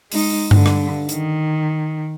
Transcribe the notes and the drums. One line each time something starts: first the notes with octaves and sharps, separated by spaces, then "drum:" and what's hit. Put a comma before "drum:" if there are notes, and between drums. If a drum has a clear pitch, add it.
G#3 D#4, drum: open hi-hat
G2 D3, drum: tom G2
drum: rim click
D#3, drum: hi-hat